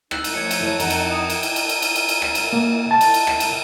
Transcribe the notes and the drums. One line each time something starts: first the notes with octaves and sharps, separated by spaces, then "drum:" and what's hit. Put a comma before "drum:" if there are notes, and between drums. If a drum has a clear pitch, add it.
D#4 E6 F#6 F#7, drum: rim click
drum: cymbal
F#2 F3 A3 G#6 C#7
drum: cymbal
E4 A4 C#5
F2 D#4 A#4 F#5, drum: cymbal
drum: cymbal
D#6
drum: cymbal
drum: cymbal
drum: cymbal
drum: cymbal
drum: cymbal
drum: cymbal
drum: cymbal
drum: rim click
drum: cymbal
A#3
A5
drum: cymbal
drum: cymbal
drum: rim click
drum: cymbal